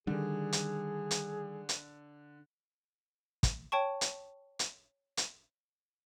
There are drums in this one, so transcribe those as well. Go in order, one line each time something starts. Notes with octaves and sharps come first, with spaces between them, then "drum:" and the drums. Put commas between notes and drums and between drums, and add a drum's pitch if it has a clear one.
D3 D#3 G3 G#4
drum: hi-hat
drum: hi-hat
drum: hi-hat
drum: kick, hi-hat
C#5 G5 A5 C#6
drum: hi-hat
drum: hi-hat
drum: hi-hat